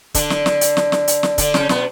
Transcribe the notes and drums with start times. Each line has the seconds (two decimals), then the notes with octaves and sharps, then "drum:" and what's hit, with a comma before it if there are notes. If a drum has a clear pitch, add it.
0.14 D3 D4, drum: kick, hi-hat
0.30 drum: snare
0.46 drum: snare
0.61 drum: hi-hat
0.77 drum: snare
0.92 drum: snare
1.08 drum: hi-hat
1.23 drum: snare
1.38 D3 D4, drum: kick, hi-hat
1.54 C#3 C#4, drum: snare
1.69 B2 B3, drum: snare